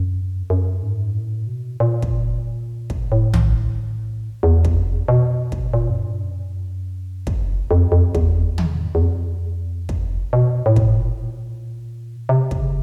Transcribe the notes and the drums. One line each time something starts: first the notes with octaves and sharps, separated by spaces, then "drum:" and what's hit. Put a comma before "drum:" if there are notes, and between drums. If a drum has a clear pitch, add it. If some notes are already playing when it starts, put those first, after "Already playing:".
Already playing: F#2
F#2
G#2
A2
B2
A#2
drum: kick
drum: kick
A2
drum: tom
E2
drum: kick
F2
B2
drum: kick
A#2
F#2
G2
F#2
drum: kick
F2
F2
E2, drum: kick
drum: tom
E2
F2
drum: kick
B2
A2
drum: kick
A#2
C3
drum: kick
C#3